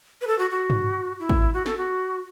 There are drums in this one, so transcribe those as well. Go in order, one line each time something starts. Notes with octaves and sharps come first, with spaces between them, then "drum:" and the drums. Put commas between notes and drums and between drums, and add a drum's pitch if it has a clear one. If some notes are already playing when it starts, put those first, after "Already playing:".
B4
A4
F#4
F#4
drum: tom G2
E4
drum: kick
F#4
A4, drum: snare
F#4